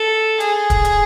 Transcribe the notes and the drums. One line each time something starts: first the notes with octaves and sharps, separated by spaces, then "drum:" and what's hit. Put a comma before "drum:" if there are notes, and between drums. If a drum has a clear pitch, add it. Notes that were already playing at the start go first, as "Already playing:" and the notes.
Already playing: A4
G#4, drum: hi-hat
drum: kick, hi-hat
drum: hi-hat